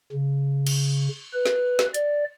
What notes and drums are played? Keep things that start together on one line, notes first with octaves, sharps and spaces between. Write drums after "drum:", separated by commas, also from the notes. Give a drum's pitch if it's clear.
C#3
drum: cymbal
B4
drum: snare
drum: snare
D5, drum: hi-hat